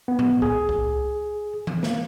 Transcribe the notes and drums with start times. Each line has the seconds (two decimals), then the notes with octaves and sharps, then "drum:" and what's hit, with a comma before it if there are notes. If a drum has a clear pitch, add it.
0.08 B3
0.19 drum: tom A2
0.42 G#4, drum: kick C2
0.69 drum: kick C2
1.67 drum: tom E3
1.83 drum: snare